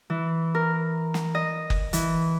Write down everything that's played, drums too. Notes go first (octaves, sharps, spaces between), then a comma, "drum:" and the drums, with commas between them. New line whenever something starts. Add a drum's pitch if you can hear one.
E3
A#4
drum: snare
D#5
drum: kick F#1
E3, drum: hi-hat